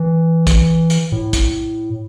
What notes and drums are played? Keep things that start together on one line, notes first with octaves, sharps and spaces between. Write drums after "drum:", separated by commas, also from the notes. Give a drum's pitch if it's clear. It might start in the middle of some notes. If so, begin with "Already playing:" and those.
Already playing: E3
drum: kick, hi-hat
drum: hi-hat
A2
drum: kick, hi-hat